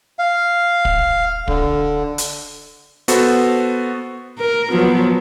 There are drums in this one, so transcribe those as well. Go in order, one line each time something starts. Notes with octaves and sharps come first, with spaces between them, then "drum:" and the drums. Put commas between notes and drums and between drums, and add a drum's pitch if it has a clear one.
F5
drum: kick
D3, drum: kick
drum: hi-hat
B3 F#4 A4 C5, drum: hi-hat
A#4
F3 F#3 B3